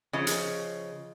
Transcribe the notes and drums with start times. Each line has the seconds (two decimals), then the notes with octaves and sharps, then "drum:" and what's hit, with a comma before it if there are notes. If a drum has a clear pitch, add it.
0.13 C#3 F3 D#5
0.27 drum: hi-hat